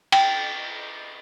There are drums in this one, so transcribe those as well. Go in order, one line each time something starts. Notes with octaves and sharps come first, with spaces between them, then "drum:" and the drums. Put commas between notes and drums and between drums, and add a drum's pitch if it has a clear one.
G5, drum: cymbal